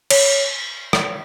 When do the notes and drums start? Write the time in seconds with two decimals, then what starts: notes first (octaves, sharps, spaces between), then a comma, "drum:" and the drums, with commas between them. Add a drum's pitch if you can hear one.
0.10 C#5, drum: cymbal
0.93 drum: rim click